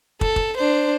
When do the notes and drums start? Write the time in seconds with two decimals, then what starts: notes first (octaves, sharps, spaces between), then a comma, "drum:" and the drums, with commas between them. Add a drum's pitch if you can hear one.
0.21 A4, drum: kick
0.36 drum: kick
0.57 D4 C5